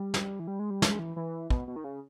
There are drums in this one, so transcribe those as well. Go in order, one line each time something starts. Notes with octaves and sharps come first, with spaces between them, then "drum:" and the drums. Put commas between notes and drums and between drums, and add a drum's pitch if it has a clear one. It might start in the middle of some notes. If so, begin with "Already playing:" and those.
Already playing: G3
drum: snare
E3
G3
G#3
G3
G#3, drum: snare
E3
E3
B2, drum: kick
B2
D#3
C#3